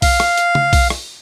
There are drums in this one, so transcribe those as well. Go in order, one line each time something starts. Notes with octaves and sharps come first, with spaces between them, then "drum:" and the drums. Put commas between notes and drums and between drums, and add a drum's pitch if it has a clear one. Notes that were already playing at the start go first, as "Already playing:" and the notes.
F5, drum: kick B1, open hi-hat
drum: rim click
drum: hi-hat
drum: tom C#3
drum: kick B1, open hi-hat
drum: rim click